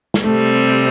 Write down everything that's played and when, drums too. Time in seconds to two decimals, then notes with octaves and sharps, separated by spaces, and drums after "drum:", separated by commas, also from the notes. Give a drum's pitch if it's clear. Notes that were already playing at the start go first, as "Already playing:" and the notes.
0.14 drum: snare
0.24 C3 G3 A3 C4